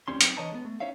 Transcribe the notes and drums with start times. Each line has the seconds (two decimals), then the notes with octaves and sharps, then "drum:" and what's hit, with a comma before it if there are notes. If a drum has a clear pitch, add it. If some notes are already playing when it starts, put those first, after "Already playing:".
0.08 D2 G3 C4 C#4 C6
0.21 F#3 C4 D#4, drum: hi-hat
0.37 D3 E3 C#5 D#5 A5 A#5
0.52 G#3 B3
0.65 A3
0.80 C#4 D#4 C#5 E5 F5